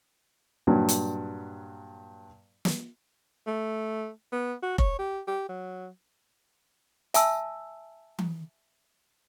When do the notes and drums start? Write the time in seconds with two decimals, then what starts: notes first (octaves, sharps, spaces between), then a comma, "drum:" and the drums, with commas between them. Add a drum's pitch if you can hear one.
0.67 G2 A#2 F#3
0.89 drum: hi-hat
2.65 drum: snare
3.47 A3
4.32 B3
4.62 F#4
4.78 C#5, drum: kick F1
4.99 G4
5.27 G4
5.49 F#3
7.14 E5 G#5 A5 E6, drum: hi-hat
8.19 drum: tom E3